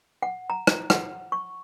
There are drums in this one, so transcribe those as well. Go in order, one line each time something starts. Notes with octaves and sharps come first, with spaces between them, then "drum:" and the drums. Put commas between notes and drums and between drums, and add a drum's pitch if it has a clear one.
F#5
A#5
drum: rim click
F#5, drum: rim click
C#6